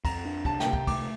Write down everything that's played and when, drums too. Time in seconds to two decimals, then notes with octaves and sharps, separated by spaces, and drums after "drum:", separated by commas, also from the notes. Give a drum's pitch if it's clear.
0.05 F2 A#5, drum: kick, cymbal
0.25 D4
0.45 C3 A5, drum: kick
0.60 G5, drum: snare
0.67 C3
0.73 G5, drum: kick
0.87 A3 D6, drum: kick, cymbal